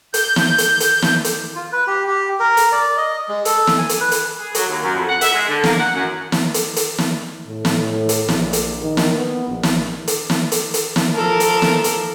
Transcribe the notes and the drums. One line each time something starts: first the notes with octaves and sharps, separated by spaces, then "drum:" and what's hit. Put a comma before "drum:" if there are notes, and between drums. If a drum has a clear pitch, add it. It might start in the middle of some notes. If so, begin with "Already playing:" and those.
G6, drum: hi-hat
drum: snare
drum: hi-hat
drum: hi-hat
drum: snare
drum: hi-hat
F4
B4
G4
G4
A#4
drum: hi-hat
D5
D#5
G#3
A4, drum: hi-hat
drum: snare
G#5
drum: hi-hat
B4
drum: hi-hat
G#4
F#3, drum: hi-hat
D#2
F#2
F2
F#5
E5, drum: hi-hat
G#3
D3
A#3, drum: snare
F#5
F#2
drum: snare
drum: hi-hat
drum: hi-hat
drum: snare
A2
drum: snare
A2
drum: hi-hat
A#1, drum: snare
drum: hi-hat
D#3
drum: snare
B3
A#1
drum: snare
drum: hi-hat
drum: snare
drum: hi-hat
drum: hi-hat
drum: snare
F3 A4 A#4
drum: hi-hat
drum: snare
drum: hi-hat